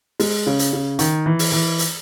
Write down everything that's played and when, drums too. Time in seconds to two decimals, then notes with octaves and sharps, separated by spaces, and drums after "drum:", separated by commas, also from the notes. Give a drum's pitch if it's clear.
0.20 G#3, drum: open hi-hat
0.47 C#3
0.59 drum: hi-hat
0.73 C#3
0.99 D#3, drum: hi-hat
1.26 E3
1.39 drum: open hi-hat
1.52 E3
1.79 drum: hi-hat